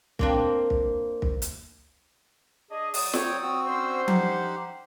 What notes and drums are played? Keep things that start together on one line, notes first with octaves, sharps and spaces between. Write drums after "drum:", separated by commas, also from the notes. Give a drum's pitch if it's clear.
A#3 C4 D4, drum: kick
drum: kick
drum: kick
drum: hi-hat
D4 G#4 D#5
F#3 D5 D#6, drum: open hi-hat
C4 C#5 G5, drum: snare
C4 F#4 E6
D3 C#4 C5
D#4 G4 F#5, drum: tom F3